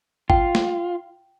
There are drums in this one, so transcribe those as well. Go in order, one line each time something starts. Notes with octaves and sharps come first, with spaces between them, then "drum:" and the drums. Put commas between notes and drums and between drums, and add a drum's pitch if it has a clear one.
F4 G5, drum: kick G#1
drum: snare